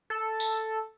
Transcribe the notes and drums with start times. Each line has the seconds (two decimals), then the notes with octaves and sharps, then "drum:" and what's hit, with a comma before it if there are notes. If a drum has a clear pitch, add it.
0.10 A4
0.40 drum: tambourine